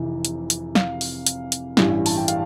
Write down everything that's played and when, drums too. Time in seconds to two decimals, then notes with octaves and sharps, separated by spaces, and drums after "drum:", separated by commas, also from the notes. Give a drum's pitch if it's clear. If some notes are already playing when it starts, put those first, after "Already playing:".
Already playing: F1 F2 C3 E3
0.25 drum: hi-hat
0.50 drum: hi-hat
0.75 F5, drum: snare
1.01 drum: open hi-hat
1.26 drum: hi-hat
1.52 drum: hi-hat
1.77 A1 G2 E3, drum: snare
2.06 A5, drum: open hi-hat
2.17 G5
2.28 F5, drum: hi-hat